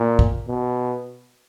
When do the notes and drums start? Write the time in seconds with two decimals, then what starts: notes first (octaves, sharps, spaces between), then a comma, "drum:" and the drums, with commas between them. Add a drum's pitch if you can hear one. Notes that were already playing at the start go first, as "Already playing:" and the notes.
Already playing: A#2
0.19 drum: kick
0.48 B2